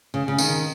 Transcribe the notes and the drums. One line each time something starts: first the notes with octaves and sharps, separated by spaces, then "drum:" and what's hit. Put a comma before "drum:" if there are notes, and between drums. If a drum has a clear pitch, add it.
C#3
C#3
D#3, drum: tambourine